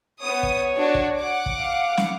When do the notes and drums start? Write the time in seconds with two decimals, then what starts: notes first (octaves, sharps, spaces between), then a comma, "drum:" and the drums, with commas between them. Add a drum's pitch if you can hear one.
0.23 B3 C#5 D#6
0.43 drum: kick
0.77 D4 F#4
0.95 drum: kick
1.18 F#5 D6
1.46 drum: kick
1.59 F5
1.97 drum: snare